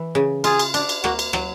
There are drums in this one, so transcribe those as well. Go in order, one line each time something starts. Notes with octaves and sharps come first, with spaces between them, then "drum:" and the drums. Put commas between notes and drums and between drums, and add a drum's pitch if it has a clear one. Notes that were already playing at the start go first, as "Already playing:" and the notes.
Already playing: E3
C#3
F4 G#4, drum: cymbal
drum: cymbal
D4, drum: cymbal
drum: cymbal
A#3 F#4, drum: rim click
drum: cymbal
F#3, drum: rim click